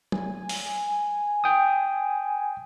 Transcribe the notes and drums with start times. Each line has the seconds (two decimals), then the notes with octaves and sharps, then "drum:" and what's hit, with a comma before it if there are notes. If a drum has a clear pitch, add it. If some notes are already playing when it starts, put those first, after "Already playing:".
0.12 G#5, drum: tom
0.49 drum: open hi-hat
1.44 G5 D#6